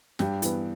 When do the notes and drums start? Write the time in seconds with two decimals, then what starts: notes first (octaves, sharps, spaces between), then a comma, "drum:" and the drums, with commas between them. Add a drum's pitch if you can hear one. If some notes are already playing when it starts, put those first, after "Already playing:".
0.19 G2 G4, drum: snare
0.42 E3 B3, drum: hi-hat